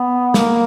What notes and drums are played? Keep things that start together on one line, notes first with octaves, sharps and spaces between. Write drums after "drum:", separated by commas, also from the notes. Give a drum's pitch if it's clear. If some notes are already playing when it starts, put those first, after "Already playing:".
Already playing: B3
A#3, drum: snare